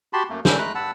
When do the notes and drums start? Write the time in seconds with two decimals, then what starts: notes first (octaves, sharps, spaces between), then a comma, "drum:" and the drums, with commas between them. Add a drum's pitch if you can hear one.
0.13 F#4 G4 A5 B5 C6
0.30 F#2 A3 A#3
0.45 E2 G#2 G3 C#4 A4 G6, drum: snare
0.58 G#3 A3 A#5 B5 F#6
0.75 G2 F#5 A5 B5 E6